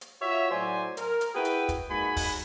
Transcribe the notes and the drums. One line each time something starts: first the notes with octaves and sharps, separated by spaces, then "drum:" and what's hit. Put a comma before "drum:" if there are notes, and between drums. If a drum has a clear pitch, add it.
drum: hi-hat
F4 F#4 C#5 E5
A2 F#3 C5 D5 G#5
A#4, drum: hi-hat
drum: hi-hat
E4 F#4 G#4 B4 G5
drum: hi-hat
drum: kick, hi-hat
G#3 A#3 D#4 F#4 G#5 B5
drum: kick, open hi-hat